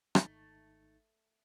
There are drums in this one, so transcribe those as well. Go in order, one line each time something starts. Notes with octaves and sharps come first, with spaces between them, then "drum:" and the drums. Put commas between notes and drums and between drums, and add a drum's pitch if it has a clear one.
G#1 A3 D#4, drum: rim click